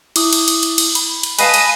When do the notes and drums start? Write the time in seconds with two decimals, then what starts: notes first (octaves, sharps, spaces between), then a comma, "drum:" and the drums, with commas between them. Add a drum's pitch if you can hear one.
0.16 E4 D6 D#6, drum: cymbal
0.33 drum: cymbal
0.48 drum: cymbal
0.63 drum: cymbal
0.78 drum: cymbal
0.95 B5, drum: cymbal
1.23 drum: cymbal
1.39 B4 D#5 F5 G#5 A5 B5 D#7, drum: cymbal
1.54 drum: cymbal